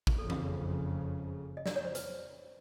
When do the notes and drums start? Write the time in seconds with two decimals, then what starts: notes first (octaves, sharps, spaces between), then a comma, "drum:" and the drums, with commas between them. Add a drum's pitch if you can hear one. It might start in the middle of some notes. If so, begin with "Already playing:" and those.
0.07 drum: kick
0.18 F#1 F2 C#3 A4
0.30 drum: tom E3
1.57 D#5
1.66 D5, drum: snare
1.76 C#5
1.85 C5
1.95 B4, drum: hi-hat